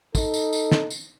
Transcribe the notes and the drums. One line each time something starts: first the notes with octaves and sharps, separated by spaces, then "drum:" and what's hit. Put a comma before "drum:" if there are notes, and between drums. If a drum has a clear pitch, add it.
D#4 A4, drum: kick, tambourine
drum: tambourine
drum: tambourine
drum: snare
drum: tambourine